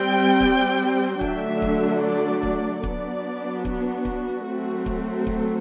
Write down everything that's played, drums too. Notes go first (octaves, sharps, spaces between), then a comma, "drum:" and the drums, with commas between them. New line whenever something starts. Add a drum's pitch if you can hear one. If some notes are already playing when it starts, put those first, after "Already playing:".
Already playing: G3 C4 G5
drum: kick C#1
D3 F#3 A3 D4 E5, drum: kick C#1
drum: kick C#1
D5
drum: kick C#1
F#3 B3 D4 D5, drum: kick C#1
F#4, drum: kick C#1
drum: kick C#1
F#3 A3 C4
drum: kick C#1
drum: kick C#1